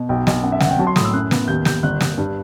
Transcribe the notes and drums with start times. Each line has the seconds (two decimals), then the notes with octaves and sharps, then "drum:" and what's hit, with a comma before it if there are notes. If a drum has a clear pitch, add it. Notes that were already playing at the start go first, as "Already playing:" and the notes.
Already playing: B2
0.09 B1 G5
0.27 B1, drum: snare
0.43 F#2 F#5
0.52 E5
0.60 G1 F#5, drum: snare
0.70 G5
0.78 F#3 A5
0.87 C6
0.96 A2 D#6, drum: snare
1.05 E6
1.13 F#2 F#6
1.31 B3, drum: snare
1.48 D#2 G6
1.65 D#2 G6, drum: snare
1.83 G1 F#6
2.01 G1, drum: snare
2.17 G2